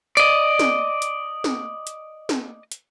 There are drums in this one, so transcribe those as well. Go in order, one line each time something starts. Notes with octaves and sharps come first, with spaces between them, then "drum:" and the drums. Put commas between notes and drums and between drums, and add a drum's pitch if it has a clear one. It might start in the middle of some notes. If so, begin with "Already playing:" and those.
D5 D#5, drum: hi-hat
drum: snare A#3
drum: hi-hat
drum: snare A#3
drum: hi-hat
drum: snare A#3
drum: hi-hat